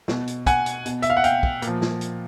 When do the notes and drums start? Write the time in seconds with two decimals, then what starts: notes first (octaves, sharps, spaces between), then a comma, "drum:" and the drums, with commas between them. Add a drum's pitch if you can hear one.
0.08 B2, drum: snare
0.27 drum: hi-hat
0.46 F#5 G#5, drum: kick, hi-hat
0.66 drum: hi-hat
0.86 B2, drum: hi-hat
1.02 E5, drum: hi-hat
1.10 F5
1.17 F#5
1.24 F5 G5, drum: hi-hat
1.43 drum: kick
1.62 A#2, drum: hi-hat
1.67 F3
1.82 drum: snare
2.01 drum: hi-hat